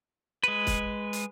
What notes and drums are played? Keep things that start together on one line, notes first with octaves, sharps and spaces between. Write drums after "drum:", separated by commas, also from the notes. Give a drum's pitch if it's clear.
G#3 B4
drum: kick, hi-hat
drum: hi-hat